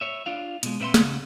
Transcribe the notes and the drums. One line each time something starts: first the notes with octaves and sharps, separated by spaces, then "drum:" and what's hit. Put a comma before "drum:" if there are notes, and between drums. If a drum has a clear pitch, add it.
C#5 E5
D4 F4 F5
B2 G#3, drum: hi-hat
A#2 C4 B4 E5 F#5 C6
C#3 F#5, drum: snare